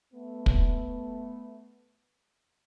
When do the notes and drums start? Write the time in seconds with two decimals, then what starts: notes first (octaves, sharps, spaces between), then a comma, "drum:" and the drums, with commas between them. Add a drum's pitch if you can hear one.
0.12 A3 B3
0.46 drum: kick